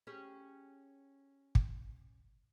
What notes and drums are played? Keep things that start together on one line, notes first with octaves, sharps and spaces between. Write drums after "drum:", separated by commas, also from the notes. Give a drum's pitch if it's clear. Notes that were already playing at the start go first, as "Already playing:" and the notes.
C#4 G4 G#4
drum: kick